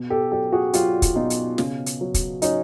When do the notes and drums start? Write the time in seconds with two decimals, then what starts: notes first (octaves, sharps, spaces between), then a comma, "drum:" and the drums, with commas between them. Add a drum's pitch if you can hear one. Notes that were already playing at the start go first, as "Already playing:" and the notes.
Already playing: B2
0.10 G4 A4
0.32 F#3 G4 A4
0.52 F#4 G#4
0.73 F#3 F4 G4, drum: hi-hat
1.02 drum: kick, hi-hat
1.16 B2 D#4 F4
1.30 drum: hi-hat
1.58 C#3, drum: snare
1.86 drum: hi-hat
2.01 F#3
2.14 drum: kick, hi-hat
2.42 F#3 C#4 D#4, drum: hi-hat